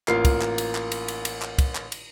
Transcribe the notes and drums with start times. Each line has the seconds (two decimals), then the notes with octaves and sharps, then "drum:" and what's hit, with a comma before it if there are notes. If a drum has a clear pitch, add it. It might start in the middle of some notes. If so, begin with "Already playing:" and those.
0.08 A1 A#3 F4 C7, drum: clap
0.25 drum: kick, cymbal
0.41 drum: clap
0.58 drum: cymbal
0.75 drum: clap
0.92 drum: cymbal
1.08 drum: cymbal
1.25 drum: cymbal
1.42 drum: clap
1.58 drum: kick, cymbal
1.75 drum: clap
1.92 drum: cymbal